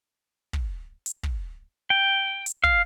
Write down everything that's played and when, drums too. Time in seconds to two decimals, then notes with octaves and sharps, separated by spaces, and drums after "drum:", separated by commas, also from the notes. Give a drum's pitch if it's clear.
0.53 drum: kick
1.06 drum: hi-hat
1.23 drum: kick
1.90 G5
2.46 drum: hi-hat
2.64 F5, drum: kick